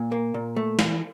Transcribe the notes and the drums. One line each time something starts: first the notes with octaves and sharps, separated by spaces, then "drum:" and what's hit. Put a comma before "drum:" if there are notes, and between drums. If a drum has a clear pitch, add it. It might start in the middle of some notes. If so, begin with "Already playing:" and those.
Already playing: A#2
A#3
A#2
A3
E3, drum: snare